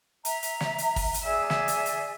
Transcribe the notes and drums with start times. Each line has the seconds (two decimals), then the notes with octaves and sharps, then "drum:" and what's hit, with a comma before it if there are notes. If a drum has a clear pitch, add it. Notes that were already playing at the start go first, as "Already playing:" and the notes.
0.25 E5 A#5, drum: hi-hat
0.43 drum: hi-hat
0.60 drum: snare
0.78 drum: hi-hat
0.96 drum: kick, open hi-hat
1.14 drum: hi-hat
1.24 G#4 D5 E5 G#5
1.50 drum: snare
1.68 drum: hi-hat
1.86 drum: hi-hat